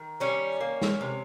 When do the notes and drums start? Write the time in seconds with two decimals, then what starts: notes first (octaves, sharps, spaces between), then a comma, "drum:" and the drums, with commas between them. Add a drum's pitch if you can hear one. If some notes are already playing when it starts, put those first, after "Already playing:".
Already playing: D#3
0.20 G3 C#4
0.61 A#3
0.82 drum: snare
1.01 C3